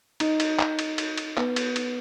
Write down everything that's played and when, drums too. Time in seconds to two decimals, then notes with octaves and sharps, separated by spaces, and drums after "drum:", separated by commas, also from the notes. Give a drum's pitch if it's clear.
0.20 D#4, drum: cymbal
0.40 drum: cymbal
0.59 drum: clap
0.79 drum: cymbal
0.98 drum: cymbal
1.18 drum: cymbal
1.37 B3, drum: clap
1.56 drum: cymbal
1.76 drum: cymbal